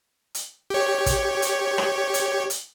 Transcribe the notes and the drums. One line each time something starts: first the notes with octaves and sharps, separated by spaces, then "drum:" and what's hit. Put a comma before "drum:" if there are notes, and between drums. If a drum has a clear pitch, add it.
drum: hi-hat
G4 C#5
drum: kick, hi-hat
drum: hi-hat
drum: rim click
drum: hi-hat
drum: hi-hat